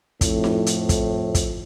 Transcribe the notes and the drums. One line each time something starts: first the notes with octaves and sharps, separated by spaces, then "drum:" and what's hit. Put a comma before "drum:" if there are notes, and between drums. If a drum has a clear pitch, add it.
F2 A2, drum: kick, hi-hat
drum: snare D#4
drum: hi-hat
drum: kick, hi-hat
drum: kick, hi-hat